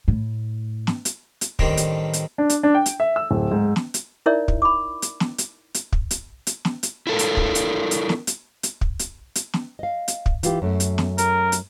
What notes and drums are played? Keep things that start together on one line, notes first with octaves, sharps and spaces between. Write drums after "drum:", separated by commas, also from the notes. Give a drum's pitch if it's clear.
A2
drum: snare
drum: hi-hat
drum: hi-hat
A1 D#3 G3 C4 D4 A#4, drum: kick
drum: hi-hat
drum: hi-hat
D4
drum: hi-hat
D4
G5
drum: hi-hat
E5
E6
D1
G#2
drum: snare
drum: hi-hat
D#4 E4 A#4 C#5 D5 E5
drum: kick
B5 D6
drum: hi-hat
drum: snare
drum: hi-hat
drum: hi-hat
drum: kick
drum: hi-hat
drum: hi-hat
drum: snare
drum: hi-hat
E4 F4 A4 A#4
drum: hi-hat
drum: kick
drum: hi-hat
drum: hi-hat
drum: snare
drum: hi-hat
drum: hi-hat
drum: kick
drum: hi-hat
drum: hi-hat
drum: snare
D#5 F5
drum: hi-hat
drum: kick
E3 F4 G4, drum: hi-hat
F#2 A3
drum: hi-hat
drum: snare
A#4, drum: hi-hat
drum: hi-hat